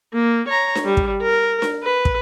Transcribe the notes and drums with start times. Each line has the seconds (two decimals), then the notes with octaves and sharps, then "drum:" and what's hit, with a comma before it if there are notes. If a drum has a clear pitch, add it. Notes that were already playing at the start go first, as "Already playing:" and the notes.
0.13 A#3
0.48 C#5 A#5
0.75 drum: snare D4
0.85 G3
0.97 drum: kick
1.22 A#4
1.62 drum: snare D4
1.84 B4
2.05 drum: kick